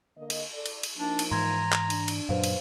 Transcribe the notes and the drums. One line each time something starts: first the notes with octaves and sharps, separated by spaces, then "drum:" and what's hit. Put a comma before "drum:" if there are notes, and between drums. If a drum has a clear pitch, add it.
D3 A#3 D#5
drum: cymbal
A4 D5
drum: cymbal
drum: cymbal
F3 A#3 D4 D#4
drum: cymbal
G#2 E3 A#5 C6 G#6
drum: clap
D4, drum: cymbal
drum: cymbal
F#2 A#2 F#3 B4 C5 F5
drum: cymbal